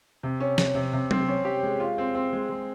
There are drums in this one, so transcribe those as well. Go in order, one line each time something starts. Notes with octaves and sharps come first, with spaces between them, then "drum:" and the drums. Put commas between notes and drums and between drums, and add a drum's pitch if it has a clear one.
C3
C#4
C3, drum: snare
C3
C3
C4, drum: tom F#3
C#4
G4
G#3
F4
C4
C4
G#3
G#3